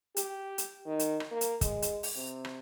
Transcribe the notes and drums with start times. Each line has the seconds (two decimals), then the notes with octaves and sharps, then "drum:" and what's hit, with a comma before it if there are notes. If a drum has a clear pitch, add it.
0.17 G4, drum: hi-hat
0.58 drum: hi-hat
0.86 D#3
0.99 drum: hi-hat
1.20 drum: rim click
1.32 A#3
1.41 drum: hi-hat
1.61 G#3, drum: kick, hi-hat
1.82 drum: hi-hat
2.03 drum: open hi-hat
2.16 C3
2.45 drum: rim click